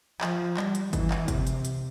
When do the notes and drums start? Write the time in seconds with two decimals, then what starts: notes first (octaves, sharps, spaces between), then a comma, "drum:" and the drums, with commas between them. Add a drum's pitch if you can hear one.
0.21 F3, drum: clap
0.57 G3, drum: clap
0.75 drum: hi-hat
0.93 E3, drum: kick G1, hi-hat
1.11 drum: clap
1.28 C3, drum: kick G1, hi-hat
1.47 drum: hi-hat
1.65 drum: hi-hat